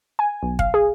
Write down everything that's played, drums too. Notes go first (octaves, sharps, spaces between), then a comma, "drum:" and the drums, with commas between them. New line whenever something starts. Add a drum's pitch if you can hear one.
G#5
B1
F5, drum: kick
G#4